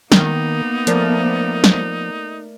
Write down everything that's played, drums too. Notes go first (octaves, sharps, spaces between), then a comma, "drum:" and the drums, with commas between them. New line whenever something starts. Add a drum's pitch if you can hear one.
D#3 A#3 B3 D#4, drum: snare
F3 A3 A#4 D5, drum: hi-hat
drum: snare